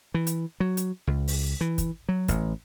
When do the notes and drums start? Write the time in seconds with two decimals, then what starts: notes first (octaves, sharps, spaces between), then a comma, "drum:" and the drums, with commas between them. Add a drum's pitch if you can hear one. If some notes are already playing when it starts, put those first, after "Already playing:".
0.14 E3
0.27 drum: hi-hat
0.60 F#3
0.77 drum: hi-hat
1.07 C#2
1.28 drum: open hi-hat
1.61 E3
1.78 drum: kick, hi-hat
2.09 F#3
2.28 A1, drum: kick, hi-hat